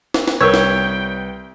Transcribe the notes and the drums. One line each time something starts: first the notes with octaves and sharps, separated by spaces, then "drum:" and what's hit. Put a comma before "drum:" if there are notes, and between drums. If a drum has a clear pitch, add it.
drum: snare
drum: snare
C2 A#4 B4 C#5 G5 E6 G#6
drum: snare